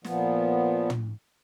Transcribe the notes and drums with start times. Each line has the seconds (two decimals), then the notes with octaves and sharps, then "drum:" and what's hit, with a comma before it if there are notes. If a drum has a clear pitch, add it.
0.04 A#2 F3 B3, drum: snare
0.90 drum: tom